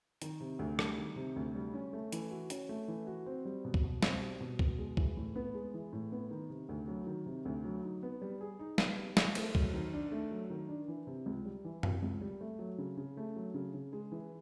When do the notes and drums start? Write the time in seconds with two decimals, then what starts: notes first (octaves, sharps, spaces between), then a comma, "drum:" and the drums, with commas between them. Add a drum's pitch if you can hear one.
0.22 D#3, drum: hi-hat
0.40 C3
0.59 D2
0.79 G3, drum: rim click
0.98 D#3
1.16 C3
1.36 D2
1.55 G3
1.74 C#4
1.93 A3
2.12 E3, drum: hi-hat
2.31 F#4
2.50 C#4, drum: hi-hat
2.69 A3
2.88 E3
3.07 F#4
3.26 C4
3.45 G3
3.65 B2
3.74 drum: kick C2
3.84 B2
4.02 C4, drum: snare
4.22 G3
4.40 B2
4.59 B2, drum: kick C2
4.78 G#3
4.97 E3, drum: kick C2
5.17 A2
5.36 B3
5.54 G#3
5.74 E3
5.93 A2
6.12 B3
6.31 D#3
6.50 C3
6.69 D2
6.88 F#3
7.07 D#3
7.26 C3
7.45 D2
7.65 F#3
7.83 D#4
8.03 B3
8.21 G3
8.41 G#4
8.59 D#4
8.78 B3, drum: snare
8.98 G3
9.17 G#4, drum: snare
9.35 A3, drum: cymbal
9.55 F#3, drum: kick C2
9.74 D#3
9.93 D4
10.12 A3
10.31 F#3
10.50 D#3
10.69 D4
10.88 E3
11.07 C3
11.26 C#2
11.45 G3
11.65 E3
11.83 C3, drum: tom F#2
12.02 C#2
12.21 G3
12.41 A3
12.59 F#3
12.78 C#3
12.97 C#3
13.17 A3
13.36 F#3
13.54 C#3
13.74 C#3
13.93 G#3
14.12 E3